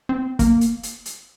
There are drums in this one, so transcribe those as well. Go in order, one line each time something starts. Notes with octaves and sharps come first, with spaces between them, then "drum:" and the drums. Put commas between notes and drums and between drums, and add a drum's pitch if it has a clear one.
C4
A#3, drum: kick, hi-hat
drum: hi-hat
drum: hi-hat
drum: hi-hat